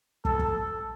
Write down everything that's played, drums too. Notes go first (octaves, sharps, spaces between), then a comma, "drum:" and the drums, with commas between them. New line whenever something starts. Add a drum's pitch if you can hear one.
A4, drum: kick
drum: kick